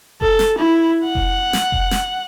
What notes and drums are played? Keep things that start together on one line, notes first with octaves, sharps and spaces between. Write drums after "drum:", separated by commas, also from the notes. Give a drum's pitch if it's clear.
A4, drum: kick F1
drum: snare
E4
F#5
drum: kick F1
drum: snare
drum: kick F1
drum: snare